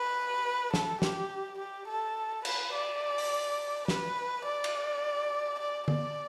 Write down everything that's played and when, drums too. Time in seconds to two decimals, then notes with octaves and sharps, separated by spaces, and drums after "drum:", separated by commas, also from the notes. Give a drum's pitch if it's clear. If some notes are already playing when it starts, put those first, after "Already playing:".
Already playing: B4
0.74 A4, drum: snare
1.02 G4, drum: snare
1.59 G4
1.88 A4
2.45 B4, drum: cymbal
2.73 D5
3.18 drum: open hi-hat
3.88 B4, drum: snare
4.45 D5
4.64 drum: cymbal
5.60 D5
5.88 D5, drum: tom D3